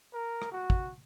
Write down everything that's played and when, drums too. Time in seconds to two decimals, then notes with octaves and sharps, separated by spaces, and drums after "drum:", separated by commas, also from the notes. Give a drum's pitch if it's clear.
0.13 A#4
0.42 drum: rim click
0.52 F#4
0.70 drum: kick